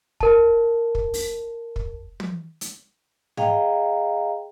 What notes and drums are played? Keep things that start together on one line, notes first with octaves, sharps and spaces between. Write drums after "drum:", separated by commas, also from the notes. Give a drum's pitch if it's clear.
A#4 A5, drum: kick
drum: kick
drum: open hi-hat
drum: kick
drum: tom
drum: hi-hat
G#4 D#5 F5 G5 A#5, drum: tom G#2